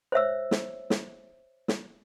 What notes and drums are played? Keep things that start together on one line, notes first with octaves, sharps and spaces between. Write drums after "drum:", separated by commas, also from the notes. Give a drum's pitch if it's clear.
C5 C#5 E5 E6
drum: snare
drum: snare
drum: snare